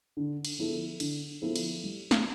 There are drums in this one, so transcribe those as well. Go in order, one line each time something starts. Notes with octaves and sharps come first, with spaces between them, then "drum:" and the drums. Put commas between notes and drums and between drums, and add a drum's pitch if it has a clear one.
D3
drum: cymbal
F3 B3 E4 A4
D3, drum: cymbal
F3 B3 E4 A4
drum: cymbal
G3
drum: snare